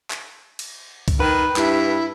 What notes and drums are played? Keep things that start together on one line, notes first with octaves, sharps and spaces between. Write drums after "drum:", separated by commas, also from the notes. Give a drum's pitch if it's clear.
drum: clap
drum: cymbal
drum: kick C#2, cymbal
D#3 B4
G2 E4, drum: clap